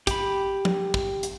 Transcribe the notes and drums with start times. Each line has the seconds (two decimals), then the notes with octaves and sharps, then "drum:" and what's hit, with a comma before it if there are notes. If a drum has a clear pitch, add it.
0.07 G4 B5, drum: kick, hi-hat
0.65 drum: tom
0.94 drum: kick
1.23 drum: hi-hat